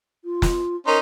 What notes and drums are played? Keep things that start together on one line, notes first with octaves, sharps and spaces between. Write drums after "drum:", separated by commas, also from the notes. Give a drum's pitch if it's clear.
F4
drum: snare
C#4 D#4 A#4 C5